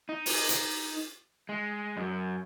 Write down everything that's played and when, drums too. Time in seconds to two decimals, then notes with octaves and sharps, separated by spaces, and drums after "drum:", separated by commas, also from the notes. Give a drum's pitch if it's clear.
0.09 D#4
0.26 drum: open hi-hat
0.49 drum: hi-hat
1.49 G#3
1.97 F#2